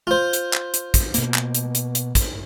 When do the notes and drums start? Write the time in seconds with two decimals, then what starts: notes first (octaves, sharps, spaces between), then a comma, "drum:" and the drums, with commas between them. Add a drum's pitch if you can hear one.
0.07 F4 C5
0.33 drum: hi-hat
0.53 drum: clap
0.74 drum: hi-hat
0.94 drum: kick, hi-hat
1.14 B2 A#3, drum: hi-hat
1.34 drum: clap
1.55 drum: hi-hat
1.75 drum: hi-hat
1.95 drum: hi-hat
2.15 drum: kick, hi-hat